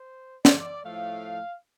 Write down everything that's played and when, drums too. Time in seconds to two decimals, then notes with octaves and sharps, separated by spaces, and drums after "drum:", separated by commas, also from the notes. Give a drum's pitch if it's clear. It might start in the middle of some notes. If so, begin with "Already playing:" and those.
Already playing: C5
0.45 D5, drum: snare
0.84 A2 F3 A3 F5